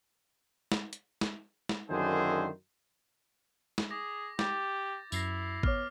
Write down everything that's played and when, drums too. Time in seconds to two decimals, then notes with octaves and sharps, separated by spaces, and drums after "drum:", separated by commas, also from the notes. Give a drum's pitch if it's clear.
0.72 drum: snare
0.93 drum: hi-hat
1.21 drum: snare
1.69 drum: snare
1.90 F#2 D3 D#3 E4 G#4 C5
3.78 drum: snare
3.91 G#4 D6 A#6
4.39 G4 D6 G6 A6, drum: snare
5.12 F#2 E4 A#6 C7 F7, drum: tambourine
5.63 B3 C#5 D6 F6, drum: kick G#1